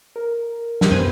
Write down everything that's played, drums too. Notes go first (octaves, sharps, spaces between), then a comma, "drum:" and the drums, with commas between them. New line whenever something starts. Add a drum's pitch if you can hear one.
A#4
drum: snare
F#2 B2 B4 C5 G#5